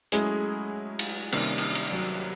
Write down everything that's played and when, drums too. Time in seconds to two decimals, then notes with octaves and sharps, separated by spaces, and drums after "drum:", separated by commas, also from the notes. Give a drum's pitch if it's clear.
0.12 F#3 G#3 A3 C#4 E4 G#4, drum: hi-hat
0.99 drum: cymbal
1.32 C3 D#3 G3 A#3 C#4, drum: cymbal
1.58 drum: cymbal
1.75 drum: cymbal
1.92 F#3